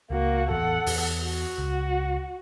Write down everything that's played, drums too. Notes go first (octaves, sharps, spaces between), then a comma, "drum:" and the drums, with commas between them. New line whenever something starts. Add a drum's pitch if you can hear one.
C#2 A#3 F#4
A1 E2 A4 F#5
E2, drum: open hi-hat
F#4
C#2